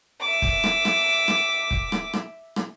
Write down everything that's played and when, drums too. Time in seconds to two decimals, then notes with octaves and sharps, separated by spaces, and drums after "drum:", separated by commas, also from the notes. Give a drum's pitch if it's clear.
0.21 E5 D6
0.42 drum: kick
0.64 drum: rim click
0.85 drum: rim click
1.28 drum: rim click
1.71 drum: kick
1.92 drum: rim click
2.13 drum: rim click
2.56 drum: rim click